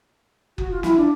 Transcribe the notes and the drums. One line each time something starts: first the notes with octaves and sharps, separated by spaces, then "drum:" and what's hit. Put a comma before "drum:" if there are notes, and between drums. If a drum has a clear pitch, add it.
F#4, drum: kick F#1
F4
E4, drum: snare
D4